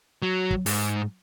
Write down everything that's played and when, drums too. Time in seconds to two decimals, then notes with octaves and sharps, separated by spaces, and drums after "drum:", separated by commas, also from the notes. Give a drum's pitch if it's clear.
0.22 F#3
0.51 drum: kick
0.66 G#2, drum: open hi-hat